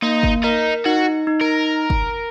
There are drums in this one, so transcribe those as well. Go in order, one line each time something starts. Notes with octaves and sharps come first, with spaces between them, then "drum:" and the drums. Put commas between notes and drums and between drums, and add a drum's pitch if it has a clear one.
A#3 D#4
drum: kick
D#4 A#4
D#4 F#4
D#4
A#4
drum: kick